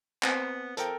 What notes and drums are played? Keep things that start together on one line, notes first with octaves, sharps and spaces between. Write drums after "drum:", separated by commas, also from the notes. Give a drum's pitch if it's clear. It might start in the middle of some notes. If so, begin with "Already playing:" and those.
B3 C4 C5, drum: clap
F3 A4 A#4 G5, drum: hi-hat